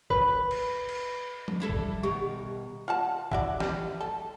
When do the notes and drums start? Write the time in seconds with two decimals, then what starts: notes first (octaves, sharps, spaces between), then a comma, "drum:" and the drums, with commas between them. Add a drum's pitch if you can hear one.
0.10 B4, drum: kick
0.51 drum: cymbal
0.89 drum: cymbal
1.48 drum: tom F3
1.60 G3 E4 A4
1.69 drum: kick
2.03 B2 D#3 G4
2.88 F4 F#5 A5
3.31 E4 F#4 D5, drum: kick
3.60 G3, drum: snare
4.01 A4